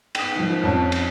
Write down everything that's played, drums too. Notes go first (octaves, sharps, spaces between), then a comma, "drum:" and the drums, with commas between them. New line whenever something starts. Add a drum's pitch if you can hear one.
G5 D#6, drum: cymbal
D#3 F3
F2 C#4 A5
drum: cymbal